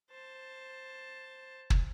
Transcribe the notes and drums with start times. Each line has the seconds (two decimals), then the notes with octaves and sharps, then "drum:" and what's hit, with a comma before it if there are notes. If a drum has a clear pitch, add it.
0.10 C5 A5
1.70 drum: kick